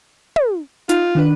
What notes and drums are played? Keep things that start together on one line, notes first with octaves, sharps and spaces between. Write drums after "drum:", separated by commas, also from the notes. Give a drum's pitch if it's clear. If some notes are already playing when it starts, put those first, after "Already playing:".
drum: tom
D#4 F4, drum: hi-hat
D#3 D4 B4